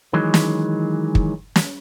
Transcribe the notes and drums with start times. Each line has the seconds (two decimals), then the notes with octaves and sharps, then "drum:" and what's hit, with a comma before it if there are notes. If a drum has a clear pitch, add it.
0.13 D#3 E3 F#3 G#3
0.34 drum: snare
1.15 drum: kick
1.56 drum: snare